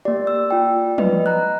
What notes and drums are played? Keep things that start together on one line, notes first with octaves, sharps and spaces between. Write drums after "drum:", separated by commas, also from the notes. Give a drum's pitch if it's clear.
A#3 G4 D5
E6
F4 G5
B4 D#5, drum: tom
A#5 F#6